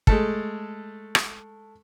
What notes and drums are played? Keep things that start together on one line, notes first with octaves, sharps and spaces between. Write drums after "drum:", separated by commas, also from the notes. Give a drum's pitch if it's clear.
G#3 A3 A4, drum: kick
drum: rim click